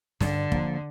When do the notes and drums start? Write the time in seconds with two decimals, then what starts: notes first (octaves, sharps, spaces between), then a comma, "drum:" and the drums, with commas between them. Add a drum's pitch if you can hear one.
0.21 G2 D3, drum: snare
0.52 F3 A#3, drum: kick